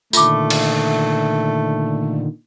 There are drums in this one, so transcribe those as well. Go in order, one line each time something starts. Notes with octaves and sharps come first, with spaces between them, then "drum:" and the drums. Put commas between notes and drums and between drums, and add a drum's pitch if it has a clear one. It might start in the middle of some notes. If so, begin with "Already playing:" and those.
A#2 D3 D#3 A3 F4 D6, drum: tambourine
drum: cymbal